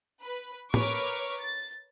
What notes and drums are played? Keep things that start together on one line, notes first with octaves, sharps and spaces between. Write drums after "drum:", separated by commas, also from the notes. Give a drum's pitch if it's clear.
B4
A#4 B4 C#5 C#6 D6 F6, drum: tom A2
A6